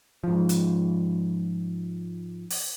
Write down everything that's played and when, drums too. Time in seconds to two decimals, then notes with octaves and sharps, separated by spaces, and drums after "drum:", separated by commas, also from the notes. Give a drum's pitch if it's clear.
0.24 G#2 F3
0.49 drum: hi-hat
2.50 drum: open hi-hat